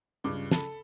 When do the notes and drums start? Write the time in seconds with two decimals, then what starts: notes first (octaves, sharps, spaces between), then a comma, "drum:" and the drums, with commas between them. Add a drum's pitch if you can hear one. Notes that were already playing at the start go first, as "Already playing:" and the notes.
0.24 C#2 G2 D6
0.51 A4 B5, drum: snare